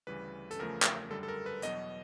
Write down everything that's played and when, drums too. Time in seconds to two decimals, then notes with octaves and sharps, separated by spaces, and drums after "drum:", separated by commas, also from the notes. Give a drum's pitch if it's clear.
0.07 D2 C#3 E3 G3 B4
0.51 A4, drum: hi-hat
0.59 E2 C#3 F3 A3 A#4
0.82 drum: clap
1.10 F#2 D3 G3 A4
1.23 A4
1.28 A#4
1.46 B4
1.62 E2 B2 F#3 D#5, drum: hi-hat